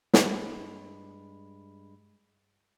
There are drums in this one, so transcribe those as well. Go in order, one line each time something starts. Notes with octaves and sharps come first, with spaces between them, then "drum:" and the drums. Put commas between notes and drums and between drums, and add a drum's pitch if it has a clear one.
G2 G#3 B5, drum: snare